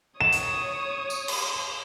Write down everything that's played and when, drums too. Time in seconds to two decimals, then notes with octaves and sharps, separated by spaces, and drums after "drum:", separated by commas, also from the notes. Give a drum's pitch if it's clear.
0.21 C#5 D#6 E7
0.32 drum: hi-hat
1.10 drum: tambourine
1.28 drum: cymbal